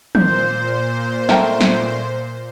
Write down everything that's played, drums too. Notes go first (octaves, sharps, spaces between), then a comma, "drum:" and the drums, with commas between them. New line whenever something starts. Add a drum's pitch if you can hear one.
A#2 C5 G6, drum: tom
A3 A#4 G5, drum: snare
drum: snare